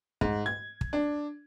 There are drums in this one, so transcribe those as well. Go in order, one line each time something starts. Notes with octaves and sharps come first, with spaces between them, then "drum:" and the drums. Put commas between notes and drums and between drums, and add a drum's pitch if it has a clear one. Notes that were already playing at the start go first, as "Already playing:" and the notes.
G#2, drum: kick
G#6
drum: kick
D4